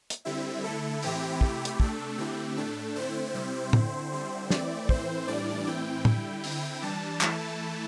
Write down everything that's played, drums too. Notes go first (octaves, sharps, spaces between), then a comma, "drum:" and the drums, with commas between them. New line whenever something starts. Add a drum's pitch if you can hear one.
drum: hi-hat
D3 G3 C4 E4 E5
D3 A3 E4 A4
A2 E3 C4 E4 G4, drum: open hi-hat
C3 A3 E4, drum: kick
drum: hi-hat
C3 A3 D4 A4, drum: kick
D3 A3 C4 E4 G4
A2 A3 D4 A4
D3 A3 C4 E4 C5
C3 G3 C4 E4
D3 C4 E4, drum: tom
D3 G3 C4 E4 C5
E3 A3 C4 E4 D5, drum: snare
A2 E3 C4 E4 C5, drum: kick
A2 E3 G3 D4 D5
A2 E3 C4 E4 G5
D3 G3 E4 G5, drum: tom
D3 C4 E4, drum: open hi-hat
E3 G3 D4 A5
E3 A3 E4, drum: clap